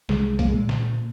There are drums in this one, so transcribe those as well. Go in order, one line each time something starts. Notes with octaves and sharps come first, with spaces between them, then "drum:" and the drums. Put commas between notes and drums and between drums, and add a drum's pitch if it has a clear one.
C2 G#3, drum: snare
A#3, drum: kick, hi-hat
G#3
A#2
drum: snare